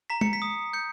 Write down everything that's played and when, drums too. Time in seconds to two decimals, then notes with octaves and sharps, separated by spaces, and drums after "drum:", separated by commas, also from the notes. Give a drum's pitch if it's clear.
0.10 A#5 B6
0.21 C#7, drum: tom
0.33 B6
0.42 D#6
0.73 G6 C#7